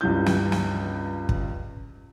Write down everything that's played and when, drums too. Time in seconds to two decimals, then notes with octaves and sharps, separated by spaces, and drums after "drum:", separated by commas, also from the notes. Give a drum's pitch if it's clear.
0.01 C#2 G2 E4 G6
0.26 drum: snare
0.52 drum: snare
1.29 drum: kick